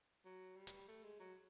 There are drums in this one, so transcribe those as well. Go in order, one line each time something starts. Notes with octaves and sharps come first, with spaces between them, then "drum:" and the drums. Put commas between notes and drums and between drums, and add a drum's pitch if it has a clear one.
F#3
G3
drum: hi-hat
A3
G#3
F#3